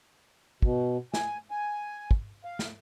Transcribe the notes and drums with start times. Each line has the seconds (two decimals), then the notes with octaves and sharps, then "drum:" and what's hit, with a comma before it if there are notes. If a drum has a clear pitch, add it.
0.62 B2, drum: kick
1.14 G#5, drum: snare
1.51 G#5
2.11 drum: kick
2.44 F5
2.59 drum: snare